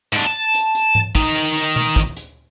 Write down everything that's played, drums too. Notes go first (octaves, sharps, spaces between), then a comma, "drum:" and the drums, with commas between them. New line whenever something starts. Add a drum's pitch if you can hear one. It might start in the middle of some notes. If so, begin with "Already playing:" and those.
G#2 D4
A5
drum: hi-hat
drum: hi-hat
drum: tom G#2
D#3 D#4, drum: kick, hi-hat
drum: hi-hat
drum: hi-hat
drum: tom B2
drum: kick, hi-hat
drum: hi-hat